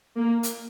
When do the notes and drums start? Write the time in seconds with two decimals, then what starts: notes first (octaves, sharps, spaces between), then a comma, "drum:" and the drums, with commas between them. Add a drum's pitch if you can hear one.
0.17 A#3
0.43 drum: hi-hat